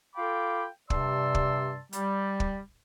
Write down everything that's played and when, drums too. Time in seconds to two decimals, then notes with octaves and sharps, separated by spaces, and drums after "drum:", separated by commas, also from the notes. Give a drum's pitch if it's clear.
0.16 F4 A4 F5 G5 B5 D6
0.90 G2 C3 D5 A5 C6 E6, drum: kick
1.35 drum: kick
1.93 G3, drum: hi-hat
2.40 drum: kick